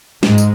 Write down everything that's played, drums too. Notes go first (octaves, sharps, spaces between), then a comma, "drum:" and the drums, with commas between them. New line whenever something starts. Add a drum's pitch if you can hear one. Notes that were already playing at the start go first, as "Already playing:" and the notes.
G#2 G#3, drum: snare
drum: tambourine